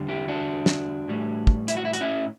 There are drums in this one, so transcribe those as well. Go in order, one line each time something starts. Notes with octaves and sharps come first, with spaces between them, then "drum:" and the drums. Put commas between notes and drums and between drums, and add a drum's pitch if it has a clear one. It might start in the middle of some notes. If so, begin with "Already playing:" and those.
Already playing: E2 D3 G3
E4 G4
D4 F#4
drum: snare
A2 E3 G3
drum: kick
E4, drum: hi-hat
F#4
E4
F#4, drum: hi-hat
C#4 E4